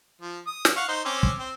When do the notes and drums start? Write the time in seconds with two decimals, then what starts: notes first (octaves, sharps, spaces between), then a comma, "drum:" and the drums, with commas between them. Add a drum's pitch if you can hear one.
0.21 F3
0.47 D#6
0.65 drum: snare
0.77 F5 F#5 C#6
0.88 D#4 C5
1.05 C4 C#4 D6
1.23 drum: kick
1.38 C4